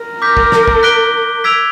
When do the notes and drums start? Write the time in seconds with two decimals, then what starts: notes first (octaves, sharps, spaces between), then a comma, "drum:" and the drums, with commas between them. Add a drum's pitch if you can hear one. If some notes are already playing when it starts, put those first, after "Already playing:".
Already playing: A#4
0.22 D6 G6 B6
0.37 drum: kick
0.52 drum: snare
0.67 drum: kick
0.83 F#6 B6 D7 G7
1.44 E6 G#6 B6 D7 F7